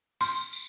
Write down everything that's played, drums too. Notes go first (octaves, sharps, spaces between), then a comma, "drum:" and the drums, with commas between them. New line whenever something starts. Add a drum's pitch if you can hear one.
C6, drum: tambourine
drum: tambourine
drum: tambourine